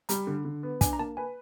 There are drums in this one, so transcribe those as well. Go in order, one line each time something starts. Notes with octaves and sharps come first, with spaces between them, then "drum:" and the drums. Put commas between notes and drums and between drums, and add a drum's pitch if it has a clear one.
G3 A#5, drum: hi-hat
D3
D3
B3
D4 G#5, drum: kick, hi-hat
A#5
A#3 A5
B4 G#5